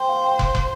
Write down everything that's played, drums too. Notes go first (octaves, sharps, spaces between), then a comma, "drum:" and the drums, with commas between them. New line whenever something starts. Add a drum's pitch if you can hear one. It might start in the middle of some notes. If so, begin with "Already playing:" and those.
Already playing: C5 G5
F5
G5
drum: kick
drum: kick